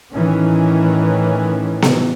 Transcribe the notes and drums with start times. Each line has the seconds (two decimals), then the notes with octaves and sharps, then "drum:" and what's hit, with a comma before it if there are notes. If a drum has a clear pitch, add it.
0.14 A2 D#3 E3 C#4
1.82 drum: snare B3